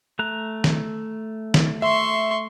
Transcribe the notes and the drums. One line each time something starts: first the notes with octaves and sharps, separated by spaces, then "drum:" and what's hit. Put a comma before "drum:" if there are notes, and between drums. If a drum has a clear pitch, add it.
A3 A#5 F#6
drum: snare
drum: snare
E5 C6 C#6